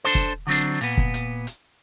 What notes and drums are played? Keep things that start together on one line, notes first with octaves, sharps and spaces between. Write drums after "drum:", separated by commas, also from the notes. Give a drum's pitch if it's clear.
D4 A4 C5
drum: kick, hi-hat
D3 F#3 C4 D4
A#2 B3, drum: hi-hat
drum: kick
drum: hi-hat
drum: hi-hat